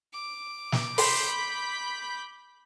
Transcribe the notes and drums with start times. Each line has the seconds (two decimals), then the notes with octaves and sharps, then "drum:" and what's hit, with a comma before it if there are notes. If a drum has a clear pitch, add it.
0.13 D6
0.72 drum: snare
0.98 B5 C6 G6 B6, drum: open hi-hat